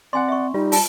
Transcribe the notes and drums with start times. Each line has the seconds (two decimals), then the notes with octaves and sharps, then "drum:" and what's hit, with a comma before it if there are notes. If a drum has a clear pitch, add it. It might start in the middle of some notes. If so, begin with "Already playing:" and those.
0.13 C4 D5 F#5 G#5 C6
0.28 E5 C#6
0.54 G3 D#4 F4
0.72 F4 A5, drum: open hi-hat